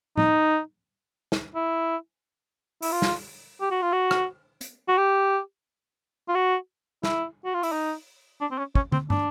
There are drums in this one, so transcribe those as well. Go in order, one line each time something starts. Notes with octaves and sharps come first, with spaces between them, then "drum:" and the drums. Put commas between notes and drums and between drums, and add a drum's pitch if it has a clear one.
D#4, drum: tom
drum: snare
E4
E4, drum: open hi-hat
F4
drum: snare
G4
F#4
F4
F#4
drum: rim click
drum: hi-hat
F#4
G4
F4
F#4
E4, drum: snare
F#4
F4
E4, drum: open hi-hat
D#4
D4
C4
C#4
C#4, drum: kick
C4, drum: tom
D4, drum: tom